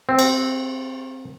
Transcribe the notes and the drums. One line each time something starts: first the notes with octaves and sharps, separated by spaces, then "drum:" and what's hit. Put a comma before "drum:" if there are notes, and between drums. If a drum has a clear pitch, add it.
C4
drum: cymbal